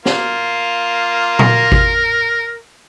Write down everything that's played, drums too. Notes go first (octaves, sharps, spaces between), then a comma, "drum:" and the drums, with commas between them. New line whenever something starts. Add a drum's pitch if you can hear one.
A#3 F4, drum: snare
A#4, drum: tom A#2
drum: kick G#1